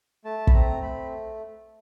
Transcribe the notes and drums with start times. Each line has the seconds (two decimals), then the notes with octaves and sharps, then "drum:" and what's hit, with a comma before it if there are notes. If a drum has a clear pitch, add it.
0.25 A3 A5
0.47 B5, drum: kick
0.54 C4 A#5
0.82 A3 B5